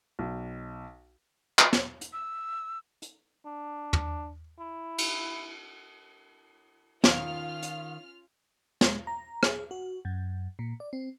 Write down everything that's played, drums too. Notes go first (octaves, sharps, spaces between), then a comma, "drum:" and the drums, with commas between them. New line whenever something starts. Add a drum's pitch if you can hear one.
B1
drum: clap
drum: snare
drum: hi-hat
E6
drum: hi-hat
D4
drum: tom
E4
drum: cymbal
D#3 C#4 F4 F5 F6, drum: snare
drum: hi-hat
G#3, drum: snare
A#5
G#4, drum: rim click
F#4
F#2
A#2
D5
C4